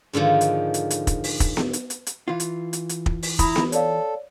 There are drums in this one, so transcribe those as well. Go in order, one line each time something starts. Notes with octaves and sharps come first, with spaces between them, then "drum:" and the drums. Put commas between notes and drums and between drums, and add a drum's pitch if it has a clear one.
G#2 D3 D#3 F3
drum: hi-hat
drum: hi-hat
drum: hi-hat
drum: kick, hi-hat
drum: open hi-hat
drum: kick, hi-hat
drum: snare B3
drum: hi-hat
drum: hi-hat
drum: hi-hat
E3 F4
drum: hi-hat
drum: hi-hat
drum: hi-hat
drum: kick
drum: open hi-hat
E4 A#5 B5 D#6, drum: kick, hi-hat
drum: snare B3
A4 C#5 D5 F5, drum: hi-hat